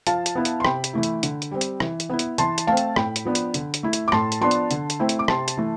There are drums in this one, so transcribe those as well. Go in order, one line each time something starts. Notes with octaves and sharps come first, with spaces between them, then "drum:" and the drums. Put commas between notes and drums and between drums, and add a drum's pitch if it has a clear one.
F3 F5 A5, drum: hi-hat
drum: hi-hat
B3 E4
drum: hi-hat
C6
C3 G5 B5, drum: rim click
drum: hi-hat
E3 A3 E4
drum: hi-hat
D3, drum: hi-hat
drum: hi-hat
G3 C4
drum: hi-hat
E3, drum: rim click
drum: hi-hat
B3 E4
drum: hi-hat
E3 A5 C6, drum: hi-hat
drum: hi-hat
A3 C4 F5 A5
drum: hi-hat
A2 G5 B5, drum: rim click
drum: hi-hat
F3 B3 D4
drum: hi-hat
D3, drum: hi-hat
drum: hi-hat
A3 E4
drum: hi-hat
D6
A2 A5 C6, drum: rim click
drum: hi-hat
F3 B3 D4 A5 C6
drum: hi-hat
D3, drum: hi-hat
drum: hi-hat
A3 C4 E4
drum: hi-hat
D6
C3 A5 C6, drum: rim click
drum: hi-hat
E3 A3